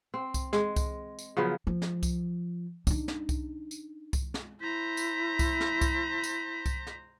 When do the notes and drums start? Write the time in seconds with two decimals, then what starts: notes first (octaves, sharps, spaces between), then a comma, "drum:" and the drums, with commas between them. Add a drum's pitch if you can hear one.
0.14 C4
0.34 drum: kick C2, tambourine
0.53 G#3, drum: snare
0.76 drum: kick C2, tambourine
1.19 drum: tambourine
1.37 C#3 F3 F#3 B3
1.67 F3
1.82 drum: snare
2.03 drum: kick C2, tambourine
2.87 D4 D#4, drum: kick C2, tambourine
3.08 drum: snare
3.29 drum: kick C2, tambourine
3.71 drum: tambourine
4.13 drum: kick C2, tambourine
4.34 drum: snare
4.61 E4 C5 A#5 B6
4.97 drum: tambourine
5.39 drum: kick C2, tambourine
5.60 drum: snare
5.81 drum: kick C2, tambourine
6.24 drum: tambourine
6.66 drum: kick C2, tambourine
6.87 drum: snare